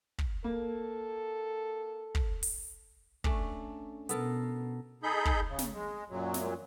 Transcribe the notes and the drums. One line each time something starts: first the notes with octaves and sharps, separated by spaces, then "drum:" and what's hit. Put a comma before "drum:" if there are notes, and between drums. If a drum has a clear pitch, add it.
drum: kick
A#3 A4
drum: kick
drum: open hi-hat
A3 C#4 D4, drum: kick
B2 B3 A4 A#4, drum: hi-hat
D#4 G#4 A4 B5 G6
drum: kick
C#3
drum: snare
G#3
F#2 A#2 F#3
drum: snare